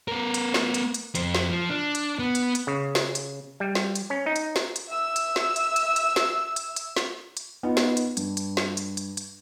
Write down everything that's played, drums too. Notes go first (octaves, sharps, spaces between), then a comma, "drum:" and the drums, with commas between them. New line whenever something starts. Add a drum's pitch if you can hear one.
B3 A#4
drum: hi-hat
drum: snare
drum: hi-hat
drum: hi-hat
F2 C5, drum: hi-hat
drum: snare
F3
D4
drum: hi-hat
B3
drum: hi-hat
drum: hi-hat
C#3
drum: snare
drum: hi-hat
G3
drum: snare
drum: hi-hat
C#4
D#4
drum: hi-hat
drum: snare
drum: hi-hat
E5 E6
drum: hi-hat
drum: snare
drum: hi-hat
drum: hi-hat
drum: hi-hat
drum: snare
drum: hi-hat
drum: hi-hat
drum: snare
drum: hi-hat
B3 D#4 F4
drum: snare
drum: hi-hat
G2, drum: hi-hat
drum: hi-hat
drum: snare
drum: hi-hat
drum: hi-hat
drum: hi-hat